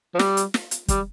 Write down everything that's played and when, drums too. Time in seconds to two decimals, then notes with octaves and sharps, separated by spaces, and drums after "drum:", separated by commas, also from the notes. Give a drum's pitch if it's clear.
0.14 F3
0.19 G3, drum: snare
0.37 drum: hi-hat
0.54 drum: snare
0.71 drum: hi-hat
0.88 G3, drum: kick, hi-hat